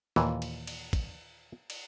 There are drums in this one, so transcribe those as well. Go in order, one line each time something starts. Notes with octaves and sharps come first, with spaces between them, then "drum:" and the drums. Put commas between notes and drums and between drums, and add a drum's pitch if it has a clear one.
D#2 A#2 E3, drum: snare
drum: cymbal
drum: cymbal
drum: kick, cymbal
drum: cymbal